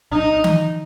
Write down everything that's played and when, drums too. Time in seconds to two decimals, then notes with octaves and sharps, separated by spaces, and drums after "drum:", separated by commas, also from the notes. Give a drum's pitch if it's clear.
0.12 D#4
0.44 drum: tom D#3